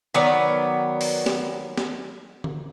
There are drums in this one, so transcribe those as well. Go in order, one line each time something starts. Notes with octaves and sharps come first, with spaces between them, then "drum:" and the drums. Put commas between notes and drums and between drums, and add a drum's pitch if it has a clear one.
D#3 F#3 B3 D5
drum: open hi-hat
drum: snare
drum: snare
drum: tom D3